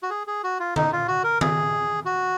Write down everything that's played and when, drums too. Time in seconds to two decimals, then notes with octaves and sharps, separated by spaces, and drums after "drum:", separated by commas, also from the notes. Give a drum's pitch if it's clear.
0.03 F#4
0.10 G#4
0.27 G#4
0.44 F#4
0.60 F4
0.76 D#4, drum: tom D3
0.92 F4
1.08 F#4
1.24 A#4
1.41 G#4, drum: tom D#3
2.05 F#4